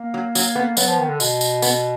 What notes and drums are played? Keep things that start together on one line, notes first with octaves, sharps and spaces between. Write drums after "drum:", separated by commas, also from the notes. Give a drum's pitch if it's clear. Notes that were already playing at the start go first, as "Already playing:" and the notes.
Already playing: A#3
F#3
F#3, drum: tambourine
B3
F#3 B3, drum: tambourine
F3
D#3
D3
B2, drum: tambourine
drum: tambourine
B3, drum: tambourine